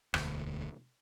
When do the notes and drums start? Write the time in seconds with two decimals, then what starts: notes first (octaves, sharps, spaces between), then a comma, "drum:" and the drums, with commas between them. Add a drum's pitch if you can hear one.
0.14 E1 D2, drum: rim click